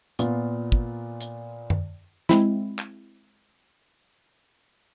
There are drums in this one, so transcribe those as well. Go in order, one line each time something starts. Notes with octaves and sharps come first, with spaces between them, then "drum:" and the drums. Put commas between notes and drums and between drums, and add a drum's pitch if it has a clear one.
A#2 B3 F4, drum: hi-hat
drum: kick
drum: hi-hat
drum: tom
G#3 C4 E4, drum: snare
drum: clap